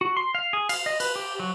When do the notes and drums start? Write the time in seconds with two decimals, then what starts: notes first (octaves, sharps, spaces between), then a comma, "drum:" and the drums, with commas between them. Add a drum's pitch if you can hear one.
0.01 F#4
0.17 C6
0.35 F5
0.53 G#4
0.69 F5, drum: cymbal
0.86 D#5
1.00 B4, drum: cymbal
1.16 G4
1.40 F#3